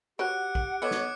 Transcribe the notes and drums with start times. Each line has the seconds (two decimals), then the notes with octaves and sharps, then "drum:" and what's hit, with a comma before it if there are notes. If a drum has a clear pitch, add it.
0.19 F#4 G4 B4 C#5 F#5 F#6 D7
0.55 drum: kick A1
0.82 B3 A4 B4 C#5 D#5 D6 C#7
0.91 drum: snare